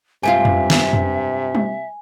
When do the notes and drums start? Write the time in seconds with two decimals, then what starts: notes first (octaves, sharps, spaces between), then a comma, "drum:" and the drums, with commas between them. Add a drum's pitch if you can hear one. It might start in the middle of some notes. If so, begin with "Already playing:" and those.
0.23 G2 C3 G#3 F4 E5 G#5
0.45 drum: tom F2
0.70 drum: snare
0.93 drum: tom F2
1.55 drum: tom G3